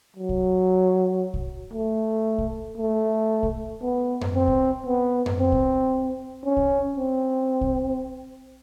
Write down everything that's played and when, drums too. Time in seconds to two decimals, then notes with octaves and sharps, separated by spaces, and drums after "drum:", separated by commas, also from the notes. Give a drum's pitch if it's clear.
0.16 F#3
0.29 drum: kick
1.34 drum: kick
1.73 A3
2.38 drum: kick
2.77 A3
3.43 drum: kick
3.82 B3
4.21 drum: tom F#2
4.34 C4
4.47 drum: kick
4.86 B3
5.26 drum: tom F#2
5.39 C4
5.52 drum: kick
6.44 C#4
6.57 drum: kick
6.96 C4
7.61 drum: kick